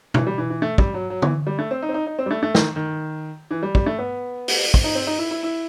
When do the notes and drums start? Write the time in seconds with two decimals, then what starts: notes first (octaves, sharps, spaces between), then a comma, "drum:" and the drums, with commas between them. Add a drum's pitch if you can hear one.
0.14 E3, drum: tom
0.27 G3
0.38 E3
0.50 E3
0.62 A3
0.78 G3, drum: kick
0.94 F#3
1.10 F#3
1.22 E3, drum: tom
1.47 G3
1.59 A3
1.71 C4
1.82 D#4
1.89 C4
1.94 D#4
2.07 D#4
2.19 C4
2.26 G3
2.31 A3
2.43 A3
2.55 D#3, drum: snare
2.76 D#3
3.51 E3
3.63 G3
3.75 G3, drum: kick
3.86 A3
3.99 B3
4.48 drum: open hi-hat
4.74 drum: kick
4.84 D#4
4.95 C4
5.07 D#4
5.19 E4
5.31 E4
5.43 E4